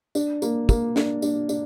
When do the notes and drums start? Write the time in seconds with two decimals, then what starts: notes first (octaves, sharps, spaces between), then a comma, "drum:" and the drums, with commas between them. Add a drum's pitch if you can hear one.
0.15 D4, drum: tambourine
0.42 A#3, drum: tambourine
0.69 A#3, drum: kick, tambourine
0.96 D4, drum: snare
1.22 D4, drum: tambourine
1.49 D4, drum: tambourine